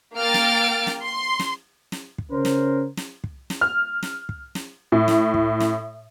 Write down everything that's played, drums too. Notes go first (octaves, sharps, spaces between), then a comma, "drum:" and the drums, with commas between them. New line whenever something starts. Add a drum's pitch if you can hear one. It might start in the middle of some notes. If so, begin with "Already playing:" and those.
A#3 G5 F6 A6 D7
drum: snare
drum: snare
C6
drum: snare
drum: snare
drum: kick
C#3 C#4 A#4 C5
drum: snare
drum: snare
drum: kick
drum: snare
F6
drum: snare
drum: kick
drum: snare
A2
drum: snare
drum: kick
drum: snare